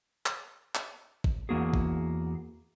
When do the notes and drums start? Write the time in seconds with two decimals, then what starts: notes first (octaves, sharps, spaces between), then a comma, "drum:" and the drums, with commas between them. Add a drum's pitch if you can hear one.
0.26 drum: clap
0.75 drum: clap
1.24 drum: kick A1
1.49 E2 A#3 F#4 G#4
1.74 drum: kick A1